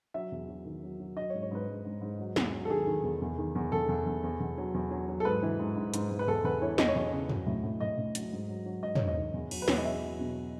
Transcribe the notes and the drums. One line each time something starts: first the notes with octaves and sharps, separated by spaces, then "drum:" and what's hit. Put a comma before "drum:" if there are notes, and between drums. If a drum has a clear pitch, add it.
F#3 E5
E2
F#3
D#3
F#3
F#3
F#3 D#5
C#5
G#2
C#5
G#2 B4
G#2
G#2
G#2
F#3
E2, drum: snare
F#3
A4
D#3 G#4
D#3
E2
E2
D#3
E2
E2 A4
E2
E2
E2
E2
F#3
E2
F#3
F#3
A4
G#2 B4
E3
G#2
G#2
G#2, drum: hi-hat
G#2
B4
E2 A4
E2 B4
E3 C#5
E2 D#5, drum: snare
C#5
E2 D#5
C#3
F#3, drum: tom
A2
A2
A2 D#5
A2
F#3, drum: hi-hat
G#2
F#3
F#3
G#2 D#5
G#2 C#5, drum: tom
D#5
D#3
E2
F#3, drum: cymbal
B4
E2 C#5, drum: snare
D#5
E2 E5
F#3
B2